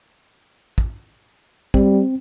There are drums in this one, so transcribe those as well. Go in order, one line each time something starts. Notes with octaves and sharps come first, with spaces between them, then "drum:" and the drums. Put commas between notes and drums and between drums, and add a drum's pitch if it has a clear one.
drum: kick
G3 C4, drum: kick